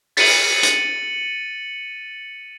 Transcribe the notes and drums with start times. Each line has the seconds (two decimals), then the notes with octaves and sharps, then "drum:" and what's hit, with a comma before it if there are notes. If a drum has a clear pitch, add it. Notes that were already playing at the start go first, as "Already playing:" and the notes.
0.17 A6 C#7 D#7 F#7, drum: open hi-hat
0.63 drum: hi-hat